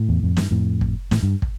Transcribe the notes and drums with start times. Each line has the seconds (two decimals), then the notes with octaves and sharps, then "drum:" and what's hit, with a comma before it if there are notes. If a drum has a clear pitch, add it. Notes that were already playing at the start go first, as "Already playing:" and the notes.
Already playing: A2
0.09 E2
0.23 F2
0.37 G2, drum: snare
0.51 F2 A2
0.81 drum: kick
1.11 A2, drum: snare
1.23 G2
1.42 drum: kick